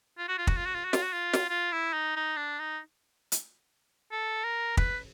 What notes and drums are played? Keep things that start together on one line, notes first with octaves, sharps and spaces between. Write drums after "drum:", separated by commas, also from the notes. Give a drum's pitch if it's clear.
F4
F#4
F4
F#4, drum: kick
F4
F#4
F4
F#4
F4, drum: snare
F#4
F4
drum: snare
F4
E4
D#4
D#4
D4
D#4
drum: hi-hat
A4
A#4
B4, drum: kick